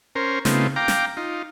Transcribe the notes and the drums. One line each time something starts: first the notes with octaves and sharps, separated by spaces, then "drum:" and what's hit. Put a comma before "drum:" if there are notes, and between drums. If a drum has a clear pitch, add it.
C#4 A#4 C5
C#3 A3 B3 C4 D#4 F4, drum: snare
F5 G5 A#5 D6
drum: snare
D#4 F4